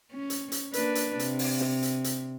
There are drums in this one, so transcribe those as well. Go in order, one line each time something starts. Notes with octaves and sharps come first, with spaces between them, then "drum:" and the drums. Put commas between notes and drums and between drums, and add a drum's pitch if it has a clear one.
C#4
drum: hi-hat
drum: hi-hat
A#3 D4 B4, drum: hi-hat
drum: hi-hat
C3, drum: hi-hat
drum: open hi-hat
drum: snare
drum: hi-hat
drum: hi-hat